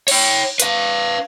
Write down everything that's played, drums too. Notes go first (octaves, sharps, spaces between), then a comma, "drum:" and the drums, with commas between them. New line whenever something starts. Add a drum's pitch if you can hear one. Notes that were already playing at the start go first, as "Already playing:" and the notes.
C#5 G5, drum: cymbal
B4 F5, drum: hi-hat